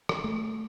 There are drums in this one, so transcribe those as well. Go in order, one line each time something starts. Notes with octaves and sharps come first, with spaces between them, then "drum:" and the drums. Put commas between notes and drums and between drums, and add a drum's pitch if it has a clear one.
drum: rim click
A3